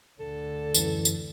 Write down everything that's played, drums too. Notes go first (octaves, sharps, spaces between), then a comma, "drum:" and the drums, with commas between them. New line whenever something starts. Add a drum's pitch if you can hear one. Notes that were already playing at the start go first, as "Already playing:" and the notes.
D2 D3 A4
F#2 E3, drum: tambourine
drum: tambourine